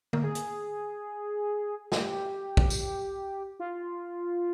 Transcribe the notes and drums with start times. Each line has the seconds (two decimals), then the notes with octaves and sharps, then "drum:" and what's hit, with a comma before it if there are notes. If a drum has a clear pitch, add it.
0.13 A#4, drum: tom D3
0.24 G#4
0.35 drum: hi-hat
1.92 G4, drum: snare
2.57 drum: kick
2.70 drum: tambourine
3.60 F4